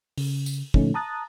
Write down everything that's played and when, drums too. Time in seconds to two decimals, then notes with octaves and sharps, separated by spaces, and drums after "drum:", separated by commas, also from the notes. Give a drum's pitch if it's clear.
0.18 C#3, drum: open hi-hat
0.46 drum: tambourine
0.74 A#2 D3 F3 A3 C#4 D#4, drum: kick
0.94 A5 A#5 D#6 F#6 A6